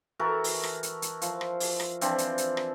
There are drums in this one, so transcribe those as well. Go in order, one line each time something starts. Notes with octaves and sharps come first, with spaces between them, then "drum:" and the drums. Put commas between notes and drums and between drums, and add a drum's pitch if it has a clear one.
E3 F#4 A4 A#4
drum: open hi-hat
drum: rim click
drum: hi-hat
drum: hi-hat
F3, drum: hi-hat
drum: rim click
drum: open hi-hat
drum: rim click
E3 F3 C4 D4, drum: hi-hat
drum: hi-hat
drum: hi-hat
drum: rim click